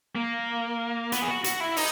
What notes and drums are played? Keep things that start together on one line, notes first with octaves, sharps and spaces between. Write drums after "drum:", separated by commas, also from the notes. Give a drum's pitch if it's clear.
A#3
B3, drum: hi-hat
G#4
F#4
F#4, drum: hi-hat
E4
D#4, drum: open hi-hat